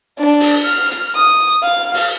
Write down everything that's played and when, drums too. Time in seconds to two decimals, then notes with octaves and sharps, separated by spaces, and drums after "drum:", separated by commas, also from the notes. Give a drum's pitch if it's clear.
0.19 D4
0.40 drum: open hi-hat
0.66 F6
0.91 drum: hi-hat
1.16 D#6
1.63 F5
1.94 drum: open hi-hat